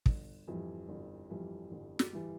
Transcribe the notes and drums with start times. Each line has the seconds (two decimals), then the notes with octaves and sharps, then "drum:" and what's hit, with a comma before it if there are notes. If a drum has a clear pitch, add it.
0.06 G1, drum: kick
0.48 F2 E3 G3
0.89 G1
1.30 F2 E3 G3
1.72 G1
1.99 drum: snare
2.13 E3 G3